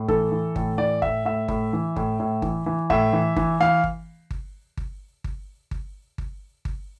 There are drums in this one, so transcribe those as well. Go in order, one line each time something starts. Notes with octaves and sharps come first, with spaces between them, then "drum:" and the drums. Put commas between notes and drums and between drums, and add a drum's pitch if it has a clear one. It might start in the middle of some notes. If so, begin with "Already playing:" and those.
Already playing: A2
E3 A4, drum: kick G1
E3
A2, drum: kick G1
E3 D5
A2 E5, drum: kick G1
A2 E5
A2, drum: kick G1
E3
A2, drum: kick G1
A2
E3, drum: kick G1
E3
A2 E5, drum: kick G1
E3
E3, drum: kick G1
E3 F5
drum: kick G1
drum: kick G1
drum: kick G1
drum: kick G1
drum: kick G1
drum: kick G1
drum: kick G1